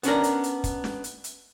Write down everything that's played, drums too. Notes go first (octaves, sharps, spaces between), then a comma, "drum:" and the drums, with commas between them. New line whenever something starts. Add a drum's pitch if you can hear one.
B3 C#4 D4 A#4, drum: hi-hat
drum: hi-hat
drum: hi-hat
drum: kick, hi-hat
drum: snare
drum: hi-hat
drum: hi-hat